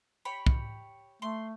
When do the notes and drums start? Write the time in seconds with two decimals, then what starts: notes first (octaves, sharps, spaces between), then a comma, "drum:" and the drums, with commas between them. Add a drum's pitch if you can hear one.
0.25 G4 C#5 B5
0.46 drum: kick
1.22 A3 C6